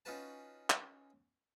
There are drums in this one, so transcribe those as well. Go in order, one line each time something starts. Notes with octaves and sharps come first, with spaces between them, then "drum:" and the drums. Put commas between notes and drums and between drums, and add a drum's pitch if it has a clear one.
C#4 D#4 F4 F#4 B4 A5
drum: clap